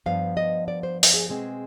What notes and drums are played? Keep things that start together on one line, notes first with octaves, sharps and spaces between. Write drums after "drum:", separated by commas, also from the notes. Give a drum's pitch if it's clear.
G2 F3 B3 F5
D#5
D5
C5
drum: open hi-hat
G#4
B2 G#3 C4 G#4